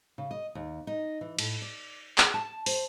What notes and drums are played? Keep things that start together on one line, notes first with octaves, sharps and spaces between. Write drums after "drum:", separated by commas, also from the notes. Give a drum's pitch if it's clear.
C#3
D#5
D#2
D#4
E3
A2, drum: cymbal
D5
G#4, drum: clap
A5
C5, drum: open hi-hat